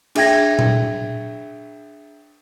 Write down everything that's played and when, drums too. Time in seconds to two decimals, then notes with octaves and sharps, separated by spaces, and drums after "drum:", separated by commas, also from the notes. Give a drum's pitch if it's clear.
0.15 D4 G#4 E5 G5 G#6 A#6, drum: cymbal
0.59 drum: tom A#2